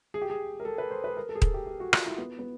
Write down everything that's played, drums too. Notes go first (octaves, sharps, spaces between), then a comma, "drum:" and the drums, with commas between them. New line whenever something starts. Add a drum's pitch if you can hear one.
G#4
G4
G#4
A#4
A4
B4
C5
B4
A#4
A4
G#4
A4, drum: kick D#1
G4
G4
F#4
F4, drum: rim click
E4
B3
B3